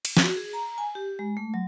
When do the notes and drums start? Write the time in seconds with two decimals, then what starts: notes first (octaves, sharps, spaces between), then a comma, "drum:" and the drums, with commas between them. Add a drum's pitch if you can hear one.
0.05 drum: cymbal
0.17 F#4, drum: snare
0.36 G#4
0.53 A#5
0.78 G#5
0.95 G4
1.19 G#3
1.37 A3
1.54 F#3